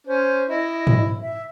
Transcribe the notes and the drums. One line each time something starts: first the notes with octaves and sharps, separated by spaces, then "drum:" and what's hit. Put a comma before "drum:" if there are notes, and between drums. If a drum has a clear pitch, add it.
C#4 C5
E4 D#5
drum: tom G#2
E5